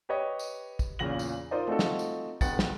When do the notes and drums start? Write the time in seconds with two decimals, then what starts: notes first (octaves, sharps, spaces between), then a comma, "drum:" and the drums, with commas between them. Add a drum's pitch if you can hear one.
0.09 G4 B4 C#5 D#5
0.39 drum: tambourine
0.79 drum: kick, tambourine
0.99 E2 A#2 C#3 A#6 F#7
1.19 drum: tambourine
1.51 D#4 F4 A#4 C5 D5 D#5
1.67 A3 C4 D#4 F4 F#4 A4
1.79 drum: snare
1.99 drum: tambourine
2.41 D1 B3 F#5 G5 A6, drum: kick, tambourine
2.59 drum: snare